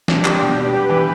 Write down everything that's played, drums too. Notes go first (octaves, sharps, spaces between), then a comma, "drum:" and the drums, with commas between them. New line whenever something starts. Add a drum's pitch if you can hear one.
D4 G4, drum: snare
G3, drum: clap
B2
D4 B4
G3
E3